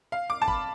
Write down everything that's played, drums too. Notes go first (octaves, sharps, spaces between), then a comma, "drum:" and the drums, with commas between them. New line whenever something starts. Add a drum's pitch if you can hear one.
F5
D6
A5
B5, drum: kick